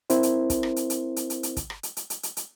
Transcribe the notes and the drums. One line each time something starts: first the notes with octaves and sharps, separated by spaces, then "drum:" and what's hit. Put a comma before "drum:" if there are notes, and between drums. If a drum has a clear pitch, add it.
C4 E4 A#4 C5, drum: hi-hat
drum: hi-hat
drum: kick, hi-hat
drum: rim click
drum: hi-hat
drum: hi-hat
drum: hi-hat
drum: hi-hat
drum: hi-hat
drum: kick, hi-hat
drum: rim click
drum: hi-hat
drum: hi-hat
drum: hi-hat
drum: hi-hat
drum: hi-hat